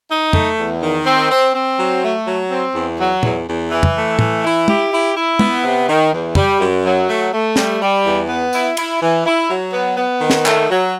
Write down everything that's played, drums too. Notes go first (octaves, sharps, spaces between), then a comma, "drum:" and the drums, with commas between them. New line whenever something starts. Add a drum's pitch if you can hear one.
D#4
A3, drum: tom
E2
D#3
C4
C4
C4
F#3
A3
F#3
C4
E2
F#3
E2, drum: tom
E2
E3
drum: tom
A3
E3, drum: tom
E4
G4, drum: tom
E4
E4
B3, drum: tom
C3
D#3
E2
G3, drum: tom
F#2
F#3
A3
A3
G3, drum: snare
G3
E2
B3
E4, drum: tambourine
E4, drum: cymbal
E3
E4
F#3
B3
B3
D#3
drum: snare
A3, drum: clap
F#3